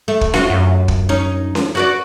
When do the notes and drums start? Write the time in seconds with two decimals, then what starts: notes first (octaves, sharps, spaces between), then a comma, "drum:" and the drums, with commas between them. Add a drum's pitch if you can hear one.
0.08 A3
0.21 drum: kick
0.34 F4 F#4, drum: snare C#4
0.50 F#2
0.88 drum: kick
1.09 C#4 D#4
1.55 drum: snare C#4
1.75 F#4 B4 D5